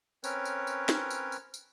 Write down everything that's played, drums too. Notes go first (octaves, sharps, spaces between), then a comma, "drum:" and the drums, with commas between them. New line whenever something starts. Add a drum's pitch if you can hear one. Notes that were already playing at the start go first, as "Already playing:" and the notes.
C4 C#4 A#4 B4 C#5, drum: tambourine
drum: tambourine
drum: tambourine
drum: snare
drum: tambourine
drum: tambourine
drum: tambourine